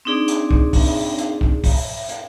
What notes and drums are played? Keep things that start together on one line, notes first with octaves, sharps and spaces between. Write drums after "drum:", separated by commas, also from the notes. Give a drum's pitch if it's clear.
C4 D4 D#4 G#4 D5
drum: hi-hat
drum: kick
drum: kick, open hi-hat
drum: hi-hat
drum: kick
drum: kick, open hi-hat
drum: hi-hat